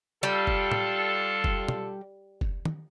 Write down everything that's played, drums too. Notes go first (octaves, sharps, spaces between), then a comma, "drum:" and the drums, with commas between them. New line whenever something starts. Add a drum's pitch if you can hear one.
D3 G3 F4 A4
drum: kick F1
drum: tom A2
drum: kick F1
drum: tom
drum: kick F1
drum: tom